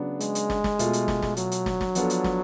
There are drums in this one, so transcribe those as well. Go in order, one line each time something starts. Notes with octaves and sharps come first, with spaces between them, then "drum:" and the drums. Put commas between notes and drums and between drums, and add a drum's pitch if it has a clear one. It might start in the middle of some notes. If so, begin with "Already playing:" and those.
Already playing: C#3 F#3 B3 D4
G#3, drum: hi-hat
drum: hi-hat
drum: snare
drum: snare
B2 A3 F4, drum: hi-hat
drum: hi-hat
drum: snare
drum: snare
F#3, drum: hi-hat
drum: hi-hat
drum: snare
drum: snare
F3 B3 D4 F4 A4, drum: hi-hat
drum: hi-hat
drum: snare